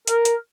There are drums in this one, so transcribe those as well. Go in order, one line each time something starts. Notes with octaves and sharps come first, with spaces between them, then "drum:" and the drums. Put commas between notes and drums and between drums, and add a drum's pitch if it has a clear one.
A#4, drum: hi-hat
drum: hi-hat